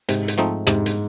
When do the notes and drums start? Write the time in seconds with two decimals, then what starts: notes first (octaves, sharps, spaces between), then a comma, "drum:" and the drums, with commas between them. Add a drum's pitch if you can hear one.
0.09 G#2 C3, drum: hi-hat
0.28 drum: hi-hat
0.38 F3 A3 C4 D#4
0.67 G#2 C3, drum: rim click
0.86 drum: hi-hat